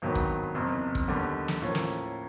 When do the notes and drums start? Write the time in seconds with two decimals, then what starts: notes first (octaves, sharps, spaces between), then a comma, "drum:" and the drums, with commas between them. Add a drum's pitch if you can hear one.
0.02 G#1 G2 D#3 F#3 B3
0.15 drum: kick
0.55 F#1 E2 C3
0.95 drum: kick
1.08 D#2 D3 G3 B3
1.48 drum: snare
1.61 A2 F3 A#3 C#4
1.75 drum: snare